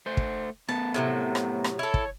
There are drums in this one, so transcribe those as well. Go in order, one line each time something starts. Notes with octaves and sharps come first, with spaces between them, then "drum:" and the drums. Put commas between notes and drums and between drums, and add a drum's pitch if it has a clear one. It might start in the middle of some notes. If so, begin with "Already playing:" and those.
A3 C5
drum: kick
A3 B3 A5
A2 C3 F#3
drum: rim click
drum: rim click
E4 A4 C#5
drum: kick